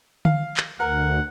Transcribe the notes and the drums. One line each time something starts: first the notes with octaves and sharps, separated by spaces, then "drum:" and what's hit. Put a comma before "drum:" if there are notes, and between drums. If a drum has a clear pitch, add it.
F5, drum: tom D3
drum: clap
D2 A#4 F#5